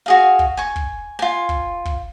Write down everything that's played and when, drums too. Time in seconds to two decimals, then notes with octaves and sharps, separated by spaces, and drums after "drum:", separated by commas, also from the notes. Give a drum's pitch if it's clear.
0.06 F#4 G#4 F5
0.39 drum: kick
0.57 G#5 C#6
0.76 drum: kick
1.19 F4 G#5
1.49 drum: kick
1.85 drum: kick